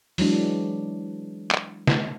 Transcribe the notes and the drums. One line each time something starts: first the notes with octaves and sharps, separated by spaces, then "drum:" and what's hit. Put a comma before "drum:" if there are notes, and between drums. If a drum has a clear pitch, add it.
E3 F#3 G#3 D4, drum: open hi-hat
drum: clap
drum: snare